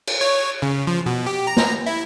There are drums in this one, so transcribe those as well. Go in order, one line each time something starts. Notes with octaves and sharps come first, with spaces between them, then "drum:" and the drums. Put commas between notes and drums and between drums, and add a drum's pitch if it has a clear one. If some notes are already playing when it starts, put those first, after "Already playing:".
drum: cymbal
C#5
C#3
F3
B2
G4
A#5
drum: snare
E4